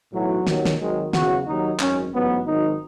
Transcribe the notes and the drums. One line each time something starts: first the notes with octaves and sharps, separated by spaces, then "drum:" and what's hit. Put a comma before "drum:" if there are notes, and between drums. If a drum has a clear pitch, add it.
B1 A2 E3 F#3
D#2 D#3 F#3, drum: snare
drum: snare
G#1 G#2 D#3 F#3 G#3
E2 C#3 F#3 F#4, drum: snare
D#2 D#3 F#3 D#4
G#1 F#2 D#3 C#4, drum: clap
A1 G#2 F#3 B3
G#1 G#2 D#3 F#3 D#4